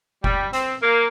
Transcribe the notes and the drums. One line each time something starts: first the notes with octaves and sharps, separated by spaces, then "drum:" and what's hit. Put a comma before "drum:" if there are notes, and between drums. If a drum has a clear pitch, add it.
G3, drum: kick F1
C4, drum: hi-hat
A#3